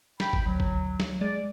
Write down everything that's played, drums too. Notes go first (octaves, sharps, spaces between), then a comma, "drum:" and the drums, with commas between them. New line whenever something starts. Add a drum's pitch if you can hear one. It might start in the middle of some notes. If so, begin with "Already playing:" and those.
G5 B5, drum: snare
drum: kick G1
D2 F#3
drum: kick G1
drum: snare
G#3 D5